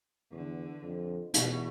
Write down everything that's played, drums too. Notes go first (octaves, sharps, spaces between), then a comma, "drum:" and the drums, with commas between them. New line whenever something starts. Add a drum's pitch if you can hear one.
E2 D3
F2
E2 B2, drum: hi-hat